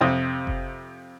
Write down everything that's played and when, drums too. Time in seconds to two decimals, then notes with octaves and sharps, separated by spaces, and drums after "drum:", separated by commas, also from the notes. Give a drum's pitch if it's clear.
0.01 F2 C3 D#6
0.47 drum: kick F#1